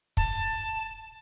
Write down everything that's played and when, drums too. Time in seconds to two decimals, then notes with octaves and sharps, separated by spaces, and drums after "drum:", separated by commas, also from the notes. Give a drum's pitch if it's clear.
0.17 A5, drum: kick